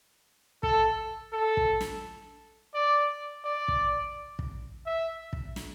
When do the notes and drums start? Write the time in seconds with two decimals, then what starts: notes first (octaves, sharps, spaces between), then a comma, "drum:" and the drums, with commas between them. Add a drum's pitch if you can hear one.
0.63 A4, drum: kick
1.33 A4
1.57 drum: kick
1.81 drum: snare
2.74 D5
3.45 D5
3.68 drum: kick
4.39 drum: kick
4.86 E5
5.33 drum: kick
5.56 drum: snare